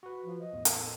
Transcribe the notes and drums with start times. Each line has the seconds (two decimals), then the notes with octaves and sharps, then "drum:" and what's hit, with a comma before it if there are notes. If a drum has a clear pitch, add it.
0.03 F#4 B4
0.25 F3
0.40 D#5
0.53 E2 A2
0.65 A4, drum: hi-hat